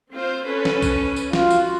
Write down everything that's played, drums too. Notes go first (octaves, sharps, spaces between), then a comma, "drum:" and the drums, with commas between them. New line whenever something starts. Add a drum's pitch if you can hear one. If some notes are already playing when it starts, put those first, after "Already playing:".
C4 F4 C5
C#4 A4 B4
drum: snare
drum: kick, tambourine
drum: tambourine
F4 F#4, drum: snare
drum: tambourine